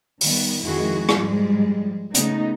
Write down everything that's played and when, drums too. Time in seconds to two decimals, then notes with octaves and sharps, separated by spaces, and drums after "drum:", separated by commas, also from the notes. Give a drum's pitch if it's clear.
0.21 D#3 G3 B3, drum: open hi-hat
0.62 F2 D#3 G#3 E4 F#4 G#4
1.09 G#2 F3 G3 G#3, drum: rim click
2.14 C#3 A3 B3 D#4, drum: hi-hat